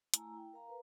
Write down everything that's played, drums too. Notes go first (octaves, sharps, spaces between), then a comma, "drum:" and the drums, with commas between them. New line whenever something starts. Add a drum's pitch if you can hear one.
A3 E4 G#5 A#5 E6, drum: hi-hat
E4 G5
A#4 F5 A#5
A#4 B4